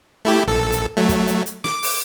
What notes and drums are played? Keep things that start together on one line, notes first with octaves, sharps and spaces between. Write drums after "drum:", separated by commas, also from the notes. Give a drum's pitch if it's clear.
A3 E4 G4
A#1 A4
drum: hi-hat
F#3 A3
drum: kick, hi-hat
drum: hi-hat
drum: hi-hat
D6, drum: snare
drum: open hi-hat